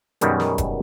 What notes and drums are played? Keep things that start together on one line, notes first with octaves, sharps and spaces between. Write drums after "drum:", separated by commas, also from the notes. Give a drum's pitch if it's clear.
F#2 B2 D#3 G3 G#3, drum: hi-hat
drum: snare
drum: kick E1, hi-hat